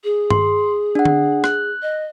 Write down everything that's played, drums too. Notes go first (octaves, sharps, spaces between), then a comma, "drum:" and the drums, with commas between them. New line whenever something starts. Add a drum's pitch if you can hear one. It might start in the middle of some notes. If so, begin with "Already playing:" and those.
G#4
C6, drum: tom G2
D4 F#5
drum: tom D3
F#6, drum: rim click
D#5